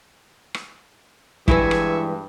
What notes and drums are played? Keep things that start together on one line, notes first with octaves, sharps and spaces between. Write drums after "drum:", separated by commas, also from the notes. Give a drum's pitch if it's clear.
drum: rim click
G2 E3 G#3 E4 B4 E5 G#5 C#6, drum: kick
drum: rim click